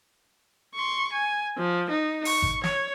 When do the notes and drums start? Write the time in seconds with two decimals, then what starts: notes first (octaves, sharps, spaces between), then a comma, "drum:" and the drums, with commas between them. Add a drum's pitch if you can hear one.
0.75 C6 C#6
1.12 G#5
1.57 F3
1.90 D#4
2.25 C#6, drum: open hi-hat
2.42 drum: kick G#1
2.64 C#5, drum: snare